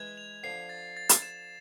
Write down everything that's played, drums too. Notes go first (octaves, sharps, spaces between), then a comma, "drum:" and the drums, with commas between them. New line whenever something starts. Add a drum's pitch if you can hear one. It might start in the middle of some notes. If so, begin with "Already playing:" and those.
Already playing: E3 G#3 G#6
F7
D3 F3 C7
A6
A6
drum: hi-hat
E7